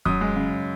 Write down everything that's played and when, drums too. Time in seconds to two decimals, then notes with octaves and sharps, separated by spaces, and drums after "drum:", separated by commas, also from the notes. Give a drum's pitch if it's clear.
0.05 F#2 D#6, drum: kick D#1
0.21 G#3
0.36 C#3